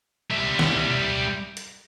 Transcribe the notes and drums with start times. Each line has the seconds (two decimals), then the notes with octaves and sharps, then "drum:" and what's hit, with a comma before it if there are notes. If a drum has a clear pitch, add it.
0.31 G3 E5
0.59 drum: snare
1.57 drum: hi-hat